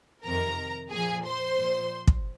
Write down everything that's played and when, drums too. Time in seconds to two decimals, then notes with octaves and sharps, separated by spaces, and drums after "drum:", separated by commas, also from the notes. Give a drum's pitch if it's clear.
0.25 F2 C3 D#3 A#4 A#5
0.92 A#2 F3 G#4 G#5
1.25 C5 C6
1.59 A#2 F3
2.07 drum: kick